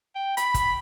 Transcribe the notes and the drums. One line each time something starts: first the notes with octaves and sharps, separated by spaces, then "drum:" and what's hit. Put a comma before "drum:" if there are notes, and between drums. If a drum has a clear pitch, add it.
G5
B5, drum: hi-hat
drum: kick, hi-hat